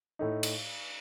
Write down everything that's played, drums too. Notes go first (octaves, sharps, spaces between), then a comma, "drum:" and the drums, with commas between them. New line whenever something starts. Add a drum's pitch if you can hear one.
A2 A3 D#4
drum: cymbal